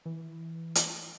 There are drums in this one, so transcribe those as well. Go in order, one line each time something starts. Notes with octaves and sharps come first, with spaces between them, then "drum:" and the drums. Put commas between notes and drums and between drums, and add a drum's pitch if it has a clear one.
E3
drum: hi-hat